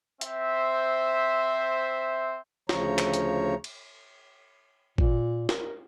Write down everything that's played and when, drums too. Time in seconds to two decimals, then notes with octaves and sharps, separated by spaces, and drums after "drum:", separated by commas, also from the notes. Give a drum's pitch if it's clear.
0.21 C4 C5 E5, drum: hi-hat
2.69 D2 C#3 F3 C#5 A#5, drum: snare
2.98 drum: clap
3.14 drum: hi-hat
3.64 drum: cymbal
4.98 A#2, drum: kick
5.49 A#4, drum: snare